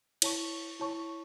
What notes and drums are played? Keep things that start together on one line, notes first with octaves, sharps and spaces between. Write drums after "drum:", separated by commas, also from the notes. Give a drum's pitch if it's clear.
E4 C#5 A5 C#6, drum: cymbal
E4 C#5 A5 C#6